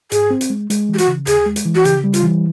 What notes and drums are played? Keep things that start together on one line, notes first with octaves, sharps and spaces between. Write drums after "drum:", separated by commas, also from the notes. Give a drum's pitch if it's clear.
G#2 G#4, drum: hi-hat
C4
drum: hi-hat
G#3
G#3, drum: hi-hat
E3 G4
F#4, drum: hi-hat
C#3
D#2 G#4, drum: hi-hat
G#3
drum: hi-hat
E3
F#4
C#3 G4, drum: hi-hat
G3
F4, drum: hi-hat
E3